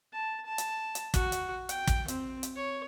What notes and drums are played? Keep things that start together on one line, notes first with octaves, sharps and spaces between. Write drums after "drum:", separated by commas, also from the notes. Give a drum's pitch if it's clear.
A5
A5
drum: hi-hat
drum: hi-hat
F#4, drum: kick, hi-hat
drum: hi-hat
G5, drum: hi-hat
drum: kick, hi-hat
C4, drum: hi-hat
drum: hi-hat
C#5